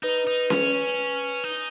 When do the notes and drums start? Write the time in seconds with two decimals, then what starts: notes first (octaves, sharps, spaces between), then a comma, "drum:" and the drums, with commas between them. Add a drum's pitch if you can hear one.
0.03 D#4 B4
0.27 D#4
0.50 C#4, drum: snare C#4
1.44 D#4